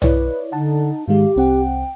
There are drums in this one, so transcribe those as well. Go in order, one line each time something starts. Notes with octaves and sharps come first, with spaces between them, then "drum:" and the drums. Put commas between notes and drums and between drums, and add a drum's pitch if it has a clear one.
E4 B4 C#5 D5, drum: tom
D3 D#4 F#5 A5
G#2 D#3 G#3 G4 F5
C2 C4 F#5 G5